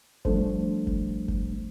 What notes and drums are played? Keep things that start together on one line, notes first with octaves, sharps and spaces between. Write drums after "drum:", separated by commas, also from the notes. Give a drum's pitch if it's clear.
F3 G3 A3 D4 A4 C5, drum: kick F#1
drum: kick F#1
drum: kick F#1